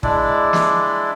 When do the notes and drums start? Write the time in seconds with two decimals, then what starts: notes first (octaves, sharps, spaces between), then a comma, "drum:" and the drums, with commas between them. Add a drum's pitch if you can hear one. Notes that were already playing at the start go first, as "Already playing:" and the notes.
0.03 G#3 D4 E4 D5, drum: kick
0.53 drum: snare